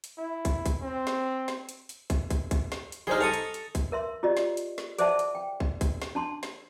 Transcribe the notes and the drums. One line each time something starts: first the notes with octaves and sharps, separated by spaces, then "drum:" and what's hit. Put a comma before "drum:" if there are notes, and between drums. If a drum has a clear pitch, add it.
drum: hi-hat
E4
drum: kick, hi-hat
drum: kick, hi-hat
C4
drum: snare
drum: snare
drum: hi-hat
drum: hi-hat
drum: kick, hi-hat
drum: kick, hi-hat
drum: kick, hi-hat
drum: snare
drum: hi-hat
G3 D#4 G#4 C5 F6
A4 A#5 C#6 D#6
drum: hi-hat
drum: hi-hat
drum: kick, hi-hat
A#4 E5 C6
F4 G4 D5 D#5
drum: snare
drum: hi-hat
drum: snare
G#4 C5 D5 E5 F#5 A5, drum: hi-hat
drum: hi-hat
G5
drum: kick
drum: kick, hi-hat
drum: snare
D4 A5 C6
drum: snare